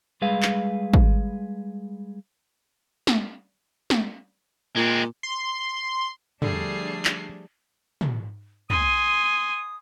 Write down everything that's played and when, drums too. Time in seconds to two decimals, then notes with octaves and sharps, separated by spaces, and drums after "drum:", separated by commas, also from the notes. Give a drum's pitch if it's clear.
0.22 G3 G#3 G#4 B4 F5
0.42 drum: clap
0.94 drum: kick
3.07 drum: snare
3.90 drum: snare
4.76 A#2 G#3 C4
5.23 C6
6.42 D3 F3 G3 A3 D4 G#4 C7, drum: tom
7.05 drum: clap
8.01 drum: tom
8.70 G#5 C6 D#6 D#7, drum: tom